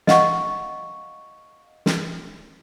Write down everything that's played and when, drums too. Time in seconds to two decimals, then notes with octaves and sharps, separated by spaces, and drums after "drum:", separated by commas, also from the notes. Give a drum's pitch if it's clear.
0.07 D#5 F5 F#5 C#6, drum: snare
1.86 drum: snare